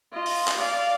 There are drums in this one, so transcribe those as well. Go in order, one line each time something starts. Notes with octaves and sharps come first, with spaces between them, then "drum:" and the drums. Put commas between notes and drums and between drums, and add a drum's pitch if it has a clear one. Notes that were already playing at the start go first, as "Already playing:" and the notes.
F4 D#5
drum: open hi-hat
drum: clap
D5 F5